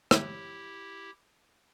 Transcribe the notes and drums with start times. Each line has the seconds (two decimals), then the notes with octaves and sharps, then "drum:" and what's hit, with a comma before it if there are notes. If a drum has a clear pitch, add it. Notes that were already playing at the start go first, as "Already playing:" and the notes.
0.11 E4 G4, drum: rim click